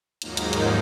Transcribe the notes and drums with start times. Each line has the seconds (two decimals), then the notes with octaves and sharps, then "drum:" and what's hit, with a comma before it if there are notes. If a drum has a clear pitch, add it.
0.22 D#2 G#2 F3 F#3 A#3 D#4, drum: hi-hat
0.37 drum: hi-hat
0.53 drum: hi-hat